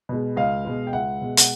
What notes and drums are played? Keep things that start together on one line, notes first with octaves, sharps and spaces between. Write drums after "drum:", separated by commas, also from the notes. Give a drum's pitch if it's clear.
B2 G#3
C#2 D#5 F5
B2 G#3
G5
C#2 E5 F#5
B2 G#3
F#5, drum: hi-hat